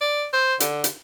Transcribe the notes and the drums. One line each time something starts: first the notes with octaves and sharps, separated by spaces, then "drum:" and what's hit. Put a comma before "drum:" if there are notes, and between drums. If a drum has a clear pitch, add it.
D5
C5
D3, drum: hi-hat
drum: hi-hat